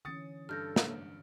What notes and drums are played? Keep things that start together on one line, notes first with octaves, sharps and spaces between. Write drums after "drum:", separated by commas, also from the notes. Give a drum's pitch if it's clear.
D3 E3 C#4 D#6 A6 C#7
G2 A4 F6 G6 A#6
drum: snare